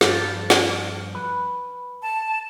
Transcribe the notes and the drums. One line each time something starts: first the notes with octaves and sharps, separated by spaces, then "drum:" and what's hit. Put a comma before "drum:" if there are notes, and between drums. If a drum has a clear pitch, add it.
G2 F3 D4, drum: snare
drum: snare
B4
A5